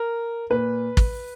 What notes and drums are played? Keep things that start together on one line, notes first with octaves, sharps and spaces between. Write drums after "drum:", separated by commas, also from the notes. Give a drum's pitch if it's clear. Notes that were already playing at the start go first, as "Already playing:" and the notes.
Already playing: A#4
A#2 B4
drum: kick